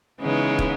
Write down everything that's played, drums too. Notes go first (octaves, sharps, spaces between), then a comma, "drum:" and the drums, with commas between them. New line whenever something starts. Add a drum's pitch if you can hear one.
C#3 E3 G#3 B3 D#4
drum: kick